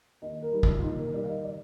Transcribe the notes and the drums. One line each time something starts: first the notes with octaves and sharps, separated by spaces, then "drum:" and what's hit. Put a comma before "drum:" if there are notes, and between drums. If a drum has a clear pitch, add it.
D#2 D#5
A#4
D#3 G3
F4, drum: kick
F4
D#2 D#4
A#4
D#3 G3 D5
F5
D#5
D5